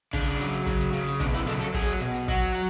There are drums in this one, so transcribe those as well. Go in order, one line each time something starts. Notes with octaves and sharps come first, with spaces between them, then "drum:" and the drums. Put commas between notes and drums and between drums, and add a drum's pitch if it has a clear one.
C#3 D4, drum: kick, hi-hat
F#3, drum: hi-hat
drum: hi-hat
C#3, drum: kick, hi-hat
drum: hi-hat
C#3, drum: hi-hat
drum: hi-hat
B2 D4, drum: kick, hi-hat
E4, drum: hi-hat
F#3 A4, drum: hi-hat
A4, drum: hi-hat
F#3 G#4, drum: kick, hi-hat
drum: hi-hat
B2, drum: hi-hat
drum: hi-hat
F#3 F#4, drum: kick, hi-hat
drum: hi-hat
F#3, drum: hi-hat